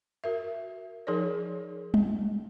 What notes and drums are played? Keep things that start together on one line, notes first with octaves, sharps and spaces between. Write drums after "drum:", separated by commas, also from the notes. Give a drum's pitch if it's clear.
F#4 A#4 E5
F3 D#4 G#4 A#4 C#5 D5
drum: tom G3